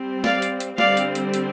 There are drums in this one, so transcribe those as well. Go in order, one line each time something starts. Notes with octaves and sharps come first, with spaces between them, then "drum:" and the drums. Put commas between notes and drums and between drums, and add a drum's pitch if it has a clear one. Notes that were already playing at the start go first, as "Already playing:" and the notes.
Already playing: G3 C4
D5 F5, drum: snare
drum: hi-hat
drum: hi-hat
D3 G3 C4 D5 F5, drum: snare
drum: hi-hat
drum: hi-hat
drum: hi-hat